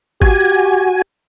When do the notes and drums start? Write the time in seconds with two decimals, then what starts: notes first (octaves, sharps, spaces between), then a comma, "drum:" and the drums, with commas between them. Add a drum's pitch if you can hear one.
0.22 F#4 G4 G#5, drum: kick G#1